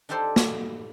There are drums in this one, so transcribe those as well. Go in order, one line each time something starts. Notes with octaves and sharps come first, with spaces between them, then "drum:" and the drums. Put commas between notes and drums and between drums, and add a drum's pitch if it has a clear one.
D4 D#4 G4 A4 C5 D5
drum: snare